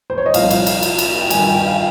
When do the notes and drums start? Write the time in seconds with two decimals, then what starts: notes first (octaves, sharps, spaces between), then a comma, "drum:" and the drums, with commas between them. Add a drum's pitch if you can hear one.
0.10 C5
0.18 C#5
0.26 D#5
0.34 C2 A#2 F3 F5, drum: cymbal
0.51 drum: cymbal
0.67 drum: cymbal
0.82 drum: cymbal
0.98 drum: cymbal
1.21 G5
1.30 G2 D#3 G#5, drum: cymbal
1.43 G#5
1.54 G5
1.66 F5